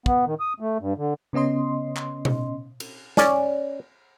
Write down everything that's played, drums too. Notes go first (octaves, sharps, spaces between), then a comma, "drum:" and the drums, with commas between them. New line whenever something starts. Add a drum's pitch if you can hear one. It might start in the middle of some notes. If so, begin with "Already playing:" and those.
B3, drum: kick
D#3
D#6
A3
G2
D3
C#3 B3 C#4 D#5 C6
drum: clap
drum: tom B2
drum: cymbal
C#4 D5, drum: snare